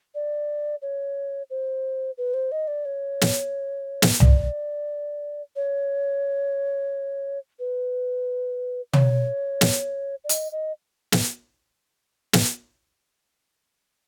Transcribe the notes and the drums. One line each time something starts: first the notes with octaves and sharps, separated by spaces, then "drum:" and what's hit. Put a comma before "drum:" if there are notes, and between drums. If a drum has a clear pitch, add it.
D5
C#5
C5
B4
C5
D#5
D5
C#5
drum: snare
drum: snare
D5, drum: tom C2
C#5
B4
C#5, drum: tom
drum: snare
D5
D#5, drum: hi-hat
D#5
drum: snare
drum: snare